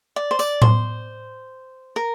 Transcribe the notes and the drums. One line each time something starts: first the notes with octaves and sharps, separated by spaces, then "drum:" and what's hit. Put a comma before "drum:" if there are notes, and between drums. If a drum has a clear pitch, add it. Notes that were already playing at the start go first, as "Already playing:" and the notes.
D5
C5
D5, drum: tambourine
C5, drum: tom A2
A#4